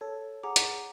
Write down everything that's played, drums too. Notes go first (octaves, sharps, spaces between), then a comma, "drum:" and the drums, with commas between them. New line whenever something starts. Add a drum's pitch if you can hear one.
A4 C#5
G#4 F#5 A#5 D6
drum: hi-hat